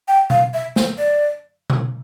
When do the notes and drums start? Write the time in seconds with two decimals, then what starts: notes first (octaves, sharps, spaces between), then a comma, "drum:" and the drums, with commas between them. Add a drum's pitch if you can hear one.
0.08 G5
0.30 F5, drum: tom B2
0.54 E5
0.76 C5, drum: snare
0.98 D5
1.70 drum: tom B2